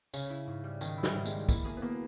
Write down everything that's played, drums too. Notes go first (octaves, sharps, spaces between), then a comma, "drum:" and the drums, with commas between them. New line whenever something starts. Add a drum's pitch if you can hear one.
C#3 C#4, drum: tambourine
E4
G#2
G3
D#3 C#4, drum: tambourine
E4
G3, drum: snare
G#2
G#3, drum: tambourine
G3
A#3 E4, drum: kick, tambourine
A#3 G#4
B3
B2 A#3